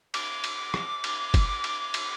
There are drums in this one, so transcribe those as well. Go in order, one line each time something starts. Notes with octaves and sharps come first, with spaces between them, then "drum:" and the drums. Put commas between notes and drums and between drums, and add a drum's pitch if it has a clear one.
D6, drum: cymbal
drum: cymbal
drum: rim click
drum: cymbal
drum: kick, cymbal
drum: cymbal
drum: cymbal